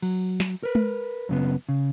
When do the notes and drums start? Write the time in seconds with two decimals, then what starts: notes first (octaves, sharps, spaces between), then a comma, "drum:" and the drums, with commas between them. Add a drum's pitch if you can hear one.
0.02 F#3, drum: cymbal
0.40 drum: snare
0.63 A#4 B4
0.75 drum: tom G#3
1.29 F#2 C#3 B3
1.69 C#3